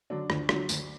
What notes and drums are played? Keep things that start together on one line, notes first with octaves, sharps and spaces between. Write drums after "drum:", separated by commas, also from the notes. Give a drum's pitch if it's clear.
D3 F#3 D4
D2, drum: rim click
D3 F#3, drum: rim click
D2, drum: tambourine